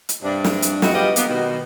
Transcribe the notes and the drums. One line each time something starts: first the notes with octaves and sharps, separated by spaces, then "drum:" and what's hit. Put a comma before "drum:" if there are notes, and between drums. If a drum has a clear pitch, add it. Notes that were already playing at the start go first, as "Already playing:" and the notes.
drum: hi-hat
G2 C3 D4
drum: snare
drum: hi-hat
C4 D#4 E4 F#4, drum: snare
G3 B3 F4 G4 D#5
A#3 B3, drum: hi-hat
B2 D#3